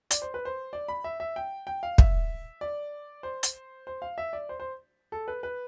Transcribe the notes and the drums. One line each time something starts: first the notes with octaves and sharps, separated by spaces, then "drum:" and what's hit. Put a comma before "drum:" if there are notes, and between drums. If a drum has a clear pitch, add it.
D5, drum: hi-hat
C5
B4
C5
D5
B5
E5
E5
G5
G5
F5
E5, drum: kick
D5
C5
drum: hi-hat
C5
F5
E5
D5
C5
C5
A4
B4
B4